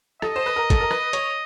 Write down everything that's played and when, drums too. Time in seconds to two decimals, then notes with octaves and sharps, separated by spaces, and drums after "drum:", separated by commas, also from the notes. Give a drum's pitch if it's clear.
0.22 A4 D#5, drum: rim click
0.36 C5
0.46 B4
0.56 A#4
0.70 A4, drum: kick, hi-hat
0.80 A#4
0.91 B4, drum: rim click
1.13 C#5, drum: hi-hat